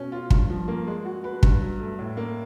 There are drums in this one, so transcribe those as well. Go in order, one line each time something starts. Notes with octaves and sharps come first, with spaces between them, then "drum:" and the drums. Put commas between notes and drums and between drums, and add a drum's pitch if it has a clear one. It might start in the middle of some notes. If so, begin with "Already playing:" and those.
Already playing: B2 C#4
F4
G2, drum: kick
F3
A#3
G#3
F#4
B4
G2, drum: kick
F#3
A3
A2
A#3